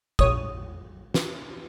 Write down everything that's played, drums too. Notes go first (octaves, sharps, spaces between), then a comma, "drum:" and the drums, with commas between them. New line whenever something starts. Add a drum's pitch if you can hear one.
A#1 C#5 D#6, drum: kick
drum: snare